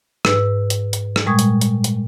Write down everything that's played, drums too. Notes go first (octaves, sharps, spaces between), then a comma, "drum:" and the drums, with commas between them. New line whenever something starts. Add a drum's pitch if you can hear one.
G#2 B4 E6, drum: rim click
drum: hi-hat
drum: hi-hat
drum: rim click
A#2 G3 G#3 C#6 D#6 G#6
drum: hi-hat
drum: hi-hat
drum: hi-hat